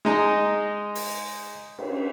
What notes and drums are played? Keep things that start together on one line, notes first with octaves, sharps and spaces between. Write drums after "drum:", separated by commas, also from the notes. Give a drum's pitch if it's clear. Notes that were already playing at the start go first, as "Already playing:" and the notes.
G#3 D#4 A#5
drum: open hi-hat
drum: cymbal